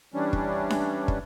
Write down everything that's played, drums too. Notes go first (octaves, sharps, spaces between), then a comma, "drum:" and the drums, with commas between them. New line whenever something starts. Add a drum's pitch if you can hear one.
E3 G3 C#4 D4
drum: kick
drum: snare D4
drum: kick